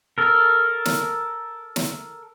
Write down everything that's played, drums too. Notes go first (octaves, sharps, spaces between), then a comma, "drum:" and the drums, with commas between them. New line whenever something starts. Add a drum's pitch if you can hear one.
A4 A#4
drum: snare
drum: snare